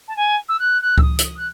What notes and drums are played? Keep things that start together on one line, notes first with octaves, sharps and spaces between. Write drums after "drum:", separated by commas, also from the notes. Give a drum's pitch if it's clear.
A5
G#5
E6
F#6
F#6
E6, drum: kick C#2
D#6
E6, drum: hi-hat
D#6
F#6